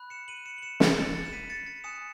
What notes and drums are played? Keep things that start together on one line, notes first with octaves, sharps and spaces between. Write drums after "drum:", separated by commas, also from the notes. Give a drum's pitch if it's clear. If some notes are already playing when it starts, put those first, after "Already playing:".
Already playing: B5 F#6
C#7 E7
D#7 F#7
C#7 E7
F#7
C#7 E7
drum: snare
A6 C#7
A6 C#7
E7
B6 D#7
A6 C#7
A6 C#7
G#5 D#6 F#6 C#7 E7